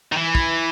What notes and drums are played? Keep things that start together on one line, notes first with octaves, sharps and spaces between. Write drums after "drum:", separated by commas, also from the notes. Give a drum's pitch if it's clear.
D#3
E3
drum: kick